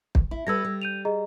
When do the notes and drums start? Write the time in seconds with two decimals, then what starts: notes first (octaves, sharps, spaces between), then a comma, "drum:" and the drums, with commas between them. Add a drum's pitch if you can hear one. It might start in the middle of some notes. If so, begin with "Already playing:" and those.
0.15 drum: kick
0.31 E4
0.47 G3 A4 B4 E6 G#6 A#6
0.64 G3
0.82 G6 D#7 F7
1.05 G#4 D#5 A#5